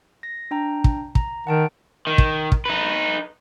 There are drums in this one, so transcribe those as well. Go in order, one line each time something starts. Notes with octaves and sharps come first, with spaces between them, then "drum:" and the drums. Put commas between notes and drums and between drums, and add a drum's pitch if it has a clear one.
A#6
D4 G5 A#5
drum: kick
A#5, drum: kick
D#3 F#5 A5 D7
D#3
drum: kick
drum: kick
D#4 B4